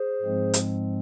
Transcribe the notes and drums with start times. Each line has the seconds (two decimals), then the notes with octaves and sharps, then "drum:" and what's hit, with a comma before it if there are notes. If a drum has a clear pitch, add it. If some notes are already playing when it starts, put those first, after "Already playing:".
Already playing: G#4 C5
0.22 G#2 F3 G#3 C4
0.54 drum: hi-hat